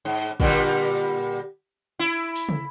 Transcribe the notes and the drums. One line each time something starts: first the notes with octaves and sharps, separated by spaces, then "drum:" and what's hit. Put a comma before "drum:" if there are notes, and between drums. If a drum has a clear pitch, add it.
G#2
A#2 D3 G3, drum: kick
E4
drum: open hi-hat
drum: tom